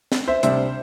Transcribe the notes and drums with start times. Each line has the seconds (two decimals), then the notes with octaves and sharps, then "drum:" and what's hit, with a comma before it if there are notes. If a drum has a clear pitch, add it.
0.12 drum: snare
0.28 C5 E5
0.43 C3 G3 D4 C5 E5, drum: hi-hat